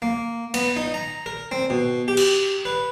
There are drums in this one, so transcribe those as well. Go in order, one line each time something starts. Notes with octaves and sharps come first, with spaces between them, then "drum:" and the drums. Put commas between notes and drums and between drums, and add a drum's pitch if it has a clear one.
A#3
B3, drum: cymbal
D#4
A#5
A#4
C4
B2
G4
drum: cymbal
B4